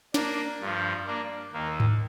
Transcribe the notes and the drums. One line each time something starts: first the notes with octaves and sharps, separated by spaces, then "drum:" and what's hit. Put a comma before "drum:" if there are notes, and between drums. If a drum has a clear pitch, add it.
A#3 D4, drum: snare
G2 F3
A#3 D4
D#2 D#3 A#3
drum: tom G#2